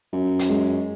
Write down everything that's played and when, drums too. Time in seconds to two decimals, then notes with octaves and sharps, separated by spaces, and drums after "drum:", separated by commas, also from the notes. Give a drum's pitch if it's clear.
0.13 F#2 C#4
0.39 drum: hi-hat
0.49 G#3